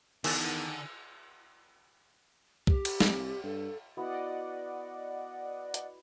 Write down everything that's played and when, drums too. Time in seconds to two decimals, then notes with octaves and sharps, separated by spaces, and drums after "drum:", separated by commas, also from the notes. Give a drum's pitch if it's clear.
0.24 E2 D3 D#3 G#5 E6 A6, drum: cymbal
2.67 G4, drum: kick
2.85 drum: cymbal
3.00 C2, drum: snare
3.44 G2 A4
3.97 B3 E4 F#4 D5 D#5 F#5
5.74 drum: hi-hat